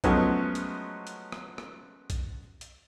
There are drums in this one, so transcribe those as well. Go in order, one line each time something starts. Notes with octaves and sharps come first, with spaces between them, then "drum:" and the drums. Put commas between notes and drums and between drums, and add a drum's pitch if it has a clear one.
F3 F#3 G#3 A3 B3 C#4, drum: kick B1, hi-hat
drum: hi-hat
drum: hi-hat
drum: rim click
drum: rim click
drum: kick B1, hi-hat
drum: hi-hat